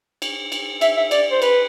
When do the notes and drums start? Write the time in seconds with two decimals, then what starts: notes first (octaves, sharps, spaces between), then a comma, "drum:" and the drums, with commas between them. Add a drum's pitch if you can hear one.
0.22 drum: cymbal
0.52 drum: cymbal
0.81 E5, drum: cymbal
0.97 E5
1.11 D5, drum: cymbal
1.31 C5
1.42 B4, drum: cymbal